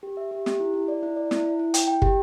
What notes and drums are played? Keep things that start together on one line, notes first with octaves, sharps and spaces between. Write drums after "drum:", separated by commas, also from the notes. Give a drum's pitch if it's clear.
G4
E5
G4
G4, drum: snare
E4
E4
D5
E4
D5
E4, drum: snare
E4
E4
G5, drum: hi-hat
G5
G4, drum: kick